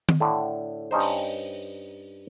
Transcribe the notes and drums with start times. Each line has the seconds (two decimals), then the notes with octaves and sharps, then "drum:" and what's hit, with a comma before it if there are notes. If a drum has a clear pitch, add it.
0.09 drum: tom D#3
0.20 A2 D3
0.91 G2 C#4 D#4 C5
1.00 drum: open hi-hat